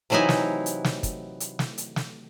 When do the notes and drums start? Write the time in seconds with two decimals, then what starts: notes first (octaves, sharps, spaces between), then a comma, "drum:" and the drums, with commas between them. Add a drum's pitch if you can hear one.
0.10 C3 E3 F#3 D#4 E4 G#5
0.29 drum: snare
0.66 drum: hi-hat
0.84 drum: snare
1.03 drum: kick, hi-hat
1.40 drum: hi-hat
1.59 drum: snare
1.78 drum: hi-hat
1.96 drum: snare